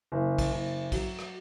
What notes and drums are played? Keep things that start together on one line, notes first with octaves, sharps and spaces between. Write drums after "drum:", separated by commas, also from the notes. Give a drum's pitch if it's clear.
F#1
drum: kick A#1, cymbal
F#1
F#3, drum: kick A#1, cymbal
drum: rim click